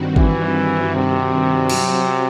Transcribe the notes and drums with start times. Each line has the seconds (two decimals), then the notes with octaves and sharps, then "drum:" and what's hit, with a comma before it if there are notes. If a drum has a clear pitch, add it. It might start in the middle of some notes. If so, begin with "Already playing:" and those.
Already playing: G2 D#3 G3 C4 F#4
0.16 E3, drum: kick
0.93 C3
1.69 F#3 C4 F#4, drum: cymbal